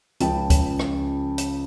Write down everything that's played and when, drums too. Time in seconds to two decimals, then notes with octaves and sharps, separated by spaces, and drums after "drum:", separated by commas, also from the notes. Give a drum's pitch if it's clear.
0.20 C#2 C#3 F3 G5 A5, drum: hi-hat
0.50 drum: kick, hi-hat
0.79 drum: rim click
1.38 drum: hi-hat